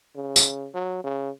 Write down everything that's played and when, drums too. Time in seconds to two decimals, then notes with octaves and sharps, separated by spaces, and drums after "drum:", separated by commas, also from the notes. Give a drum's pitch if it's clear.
0.16 C#3
0.36 drum: tambourine
0.74 F#3
1.04 C#3